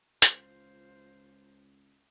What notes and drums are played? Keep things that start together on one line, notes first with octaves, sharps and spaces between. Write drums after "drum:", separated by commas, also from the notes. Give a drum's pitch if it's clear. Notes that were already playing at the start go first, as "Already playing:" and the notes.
C#2 F4 C5, drum: hi-hat